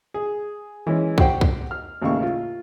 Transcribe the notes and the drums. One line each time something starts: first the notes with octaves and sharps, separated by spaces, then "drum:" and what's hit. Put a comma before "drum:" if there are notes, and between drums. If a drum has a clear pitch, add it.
G#4
E3 G#3 C#4
F#4 G4 C5 F#5 G5, drum: kick
drum: kick
F6
A1 D#2 C#3 F5 C#6
F4